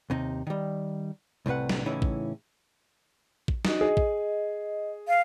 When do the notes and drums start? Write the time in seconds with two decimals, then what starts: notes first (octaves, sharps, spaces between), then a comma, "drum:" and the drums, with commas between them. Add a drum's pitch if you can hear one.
0.10 D#2 C3 D#4
0.47 D#3 G3
1.46 C2 A2 C3 B4 F#5
1.69 drum: snare
1.86 A2 C#3 E3 C#4 D#4 E4
2.02 drum: kick A1
3.48 drum: kick A1
3.65 D#4 F#4 D#5, drum: snare
3.81 G#4 D#5
3.97 drum: kick A1
5.08 F5